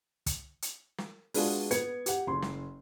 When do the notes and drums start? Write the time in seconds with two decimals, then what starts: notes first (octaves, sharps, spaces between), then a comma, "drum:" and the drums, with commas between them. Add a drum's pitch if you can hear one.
0.26 drum: kick, hi-hat
0.62 drum: hi-hat
0.98 drum: snare
1.34 G#3 B3 D4 F4 F#4 G#4, drum: open hi-hat
1.71 B3 G#6 C#7, drum: hi-hat
2.06 G4 F#5, drum: hi-hat
2.27 F#1 C6
2.42 drum: snare